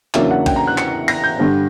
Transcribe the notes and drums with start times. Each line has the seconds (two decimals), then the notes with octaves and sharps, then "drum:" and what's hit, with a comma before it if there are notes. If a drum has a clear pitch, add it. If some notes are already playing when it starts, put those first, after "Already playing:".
0.14 E2 C#3 F#3 A#3 D4 E5, drum: clap
0.31 F#5
0.46 G5, drum: kick A#1, cymbal
0.56 A#5
0.68 F#6
0.78 C#7, drum: clap
1.08 A#6, drum: cymbal
1.24 G6
1.39 G2 D3 G3